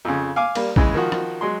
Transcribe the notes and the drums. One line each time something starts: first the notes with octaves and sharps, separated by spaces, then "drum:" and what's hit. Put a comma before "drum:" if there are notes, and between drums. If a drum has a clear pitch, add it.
F2 C#3
F5 G#5 D6
G3 A#3, drum: cymbal
C#3 E3 G#3, drum: kick
D#3 F3 F#4
drum: rim click
F#3 G#3 C6